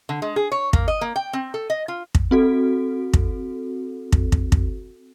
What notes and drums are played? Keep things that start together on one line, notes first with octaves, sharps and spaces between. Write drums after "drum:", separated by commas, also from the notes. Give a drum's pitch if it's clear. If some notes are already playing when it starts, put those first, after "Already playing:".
D3
G#3
G#4
C#5
A#3, drum: kick
D#5
A#3
G5
C4
A4
D#5
F4
drum: kick
C4 F#4 A4
drum: kick
drum: kick
drum: kick
drum: kick